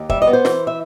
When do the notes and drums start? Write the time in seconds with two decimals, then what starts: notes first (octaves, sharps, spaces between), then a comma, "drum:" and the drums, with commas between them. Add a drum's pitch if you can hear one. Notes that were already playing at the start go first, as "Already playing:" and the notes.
Already playing: D#2
0.10 G3 E5, drum: kick
0.22 D#5
0.27 B3
0.33 C5
0.45 E3, drum: snare
0.67 E5